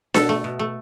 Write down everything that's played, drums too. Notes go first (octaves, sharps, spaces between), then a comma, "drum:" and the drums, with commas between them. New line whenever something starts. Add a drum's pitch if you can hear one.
B2 A4, drum: snare D4
A3
B2
A3